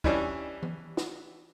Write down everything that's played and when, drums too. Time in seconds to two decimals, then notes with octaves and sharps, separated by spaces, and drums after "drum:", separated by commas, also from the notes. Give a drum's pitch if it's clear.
0.04 E3 G3 C#4 D4, drum: kick
0.63 drum: tom E3
0.97 drum: snare